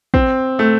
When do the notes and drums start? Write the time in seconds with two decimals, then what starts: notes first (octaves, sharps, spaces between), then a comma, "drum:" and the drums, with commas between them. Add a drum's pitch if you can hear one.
0.14 C4, drum: kick
0.59 A3